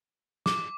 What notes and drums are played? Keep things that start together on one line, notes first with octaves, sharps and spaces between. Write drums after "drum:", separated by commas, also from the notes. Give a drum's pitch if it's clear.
D6, drum: snare